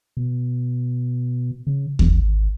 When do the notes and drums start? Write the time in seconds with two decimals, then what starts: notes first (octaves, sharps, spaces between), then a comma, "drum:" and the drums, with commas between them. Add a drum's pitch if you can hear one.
0.17 B2
1.67 C#3
1.99 G#1, drum: kick D#2